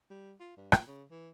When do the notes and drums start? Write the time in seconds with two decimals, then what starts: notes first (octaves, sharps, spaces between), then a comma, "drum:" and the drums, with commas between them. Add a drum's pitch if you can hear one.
0.10 G3
0.40 F4
0.57 G2
0.72 A#2, drum: rim click
0.87 C#3
1.11 E3